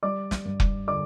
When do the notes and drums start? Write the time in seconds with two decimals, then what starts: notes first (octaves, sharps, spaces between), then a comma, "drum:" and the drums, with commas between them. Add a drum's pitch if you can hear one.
0.03 G3 D5 D6
0.31 drum: snare
0.45 G2
0.60 drum: kick F1
0.88 D3 D5 D6